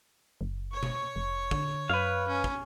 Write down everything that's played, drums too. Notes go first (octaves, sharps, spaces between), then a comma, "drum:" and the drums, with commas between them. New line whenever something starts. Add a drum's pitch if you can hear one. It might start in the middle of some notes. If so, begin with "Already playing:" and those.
F#1
C#5 C#6
drum: tom B2
F1
D3, drum: kick
F#2 B4 F5
C#4
drum: kick